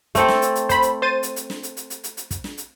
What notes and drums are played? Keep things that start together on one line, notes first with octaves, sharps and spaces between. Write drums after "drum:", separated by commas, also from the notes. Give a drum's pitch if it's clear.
A3 C4 A4, drum: kick, hi-hat
drum: snare
drum: hi-hat
drum: hi-hat
C5 B5, drum: kick, hi-hat
drum: hi-hat
C5 A6 D#7
drum: hi-hat
drum: hi-hat
drum: snare
drum: hi-hat
drum: hi-hat
drum: hi-hat
drum: hi-hat
drum: hi-hat
drum: kick, hi-hat
drum: snare
drum: hi-hat